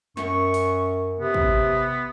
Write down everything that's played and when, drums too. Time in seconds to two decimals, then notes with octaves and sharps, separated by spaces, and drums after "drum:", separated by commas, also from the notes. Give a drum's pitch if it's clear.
0.17 F#2 C#6, drum: snare
0.54 drum: open hi-hat
1.19 C3 B3
1.34 drum: kick